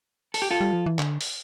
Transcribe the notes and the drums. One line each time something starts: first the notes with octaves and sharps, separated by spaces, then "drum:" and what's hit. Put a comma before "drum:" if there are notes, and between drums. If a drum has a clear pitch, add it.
A4, drum: open hi-hat
G4
F4 A4
G3
F3
E3
D3, drum: clap
drum: open hi-hat